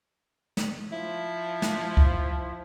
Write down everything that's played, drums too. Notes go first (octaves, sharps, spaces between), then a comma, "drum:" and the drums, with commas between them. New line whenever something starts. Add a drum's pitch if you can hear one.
drum: snare
F3 E4
drum: snare
drum: kick C2